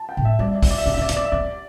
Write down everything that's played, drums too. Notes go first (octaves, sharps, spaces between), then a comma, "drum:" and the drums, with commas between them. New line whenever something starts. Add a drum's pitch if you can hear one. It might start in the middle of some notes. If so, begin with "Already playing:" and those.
Already playing: A5
G5
A2
E5
G3 D5
E5
D5
E5, drum: kick, open hi-hat
D5
E5
D4 D5
E5
D4
D5
B3 E5, drum: hi-hat
D5
E5
B3 D5